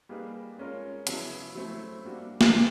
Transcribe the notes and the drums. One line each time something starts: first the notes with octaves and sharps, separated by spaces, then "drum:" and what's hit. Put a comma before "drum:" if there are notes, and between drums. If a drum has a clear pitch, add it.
G3 A#3 D#4 G#4 B4
G#3 C#4 F4 A#4 C#5
C#3 F#3 B3 E4, drum: hi-hat
F#3 A3 C4 E4
G3 A#3 D4 F#4
drum: snare
B2 G3 B3